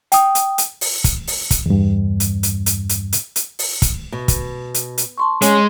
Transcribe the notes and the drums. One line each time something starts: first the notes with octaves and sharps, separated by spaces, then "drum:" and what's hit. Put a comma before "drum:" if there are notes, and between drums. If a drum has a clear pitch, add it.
G5 D#6, drum: hi-hat
drum: hi-hat
drum: hi-hat
drum: open hi-hat
drum: kick, hi-hat
drum: open hi-hat
drum: kick, hi-hat
E2 G2
drum: hi-hat
drum: hi-hat
drum: hi-hat
drum: hi-hat
drum: hi-hat
drum: hi-hat
drum: open hi-hat
drum: kick, hi-hat
B2
drum: kick, hi-hat
drum: hi-hat
drum: hi-hat
A5 C6 C#6
G#3 C#4 C6, drum: hi-hat